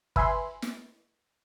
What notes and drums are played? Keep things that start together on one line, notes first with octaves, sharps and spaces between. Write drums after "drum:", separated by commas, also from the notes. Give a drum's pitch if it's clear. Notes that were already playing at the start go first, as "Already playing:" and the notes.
B4 E5 G#5 B5 C6, drum: kick
drum: snare